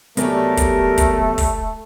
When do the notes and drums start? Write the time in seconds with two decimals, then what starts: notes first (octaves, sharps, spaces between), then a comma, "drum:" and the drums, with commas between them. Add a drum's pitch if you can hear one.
0.17 C2 F#3 G3 A3 B3 C#4 G4 A#4, drum: hi-hat
0.57 drum: kick, hi-hat
0.98 drum: kick, hi-hat
1.38 drum: kick, open hi-hat